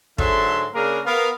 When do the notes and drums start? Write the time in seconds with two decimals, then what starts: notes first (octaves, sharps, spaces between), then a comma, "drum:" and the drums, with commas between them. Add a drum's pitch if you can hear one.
0.18 G#2 D3 F#3 A4 E5 C6, drum: kick
0.74 C#3 A#3 D4 G#4 A#4
1.06 B3 A#4 F5